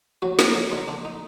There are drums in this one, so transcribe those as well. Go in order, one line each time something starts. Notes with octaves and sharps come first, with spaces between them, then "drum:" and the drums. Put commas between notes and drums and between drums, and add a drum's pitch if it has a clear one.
F#3 F#4
A#3, drum: snare
F#3
D3 D#4
D3 D4
D#4